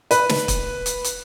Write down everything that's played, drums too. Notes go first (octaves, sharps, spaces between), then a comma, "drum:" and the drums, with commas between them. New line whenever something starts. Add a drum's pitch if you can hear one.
B4, drum: hi-hat
drum: snare
drum: kick, hi-hat
drum: hi-hat
drum: hi-hat